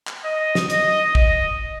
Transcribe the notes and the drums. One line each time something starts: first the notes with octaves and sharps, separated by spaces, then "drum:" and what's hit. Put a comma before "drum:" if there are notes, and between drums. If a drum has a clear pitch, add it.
drum: clap
D#5
drum: snare
D#5, drum: hi-hat
D#5, drum: kick